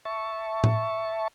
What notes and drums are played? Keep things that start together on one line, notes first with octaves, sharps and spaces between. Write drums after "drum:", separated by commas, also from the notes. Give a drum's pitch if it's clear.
E5 A5 C#6
drum: tom A2